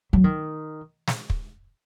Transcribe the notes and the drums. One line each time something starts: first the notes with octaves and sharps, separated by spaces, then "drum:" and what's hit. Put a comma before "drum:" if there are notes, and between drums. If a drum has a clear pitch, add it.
F#3
D#3
drum: snare
drum: kick